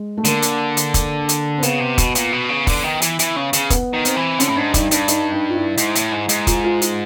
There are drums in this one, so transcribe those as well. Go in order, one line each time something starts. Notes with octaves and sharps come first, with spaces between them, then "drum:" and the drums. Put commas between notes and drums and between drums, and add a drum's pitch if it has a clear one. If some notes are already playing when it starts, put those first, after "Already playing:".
Already playing: G#3
A3
D3 A#3, drum: hi-hat
drum: hi-hat
drum: hi-hat
drum: kick, hi-hat
drum: hi-hat
C4
C#3 B3, drum: hi-hat
C3
B2, drum: kick, hi-hat
A#2, drum: hi-hat
B2
C#3
D3, drum: kick, open hi-hat
D#3
E3, drum: hi-hat
E3, drum: hi-hat
C#3
C#3, drum: hi-hat
B3, drum: kick, hi-hat
D#3
C4, drum: hi-hat
E3
D3 C#4, drum: hi-hat
A2
G#2 D4
G2 D#4, drum: kick, hi-hat
G2 D4, drum: hi-hat
D#4, drum: hi-hat
D#4
F4
E4
G#2, drum: hi-hat
A2, drum: hi-hat
G#2
G#2, drum: hi-hat
F4, drum: kick, hi-hat
F4
F4, drum: hi-hat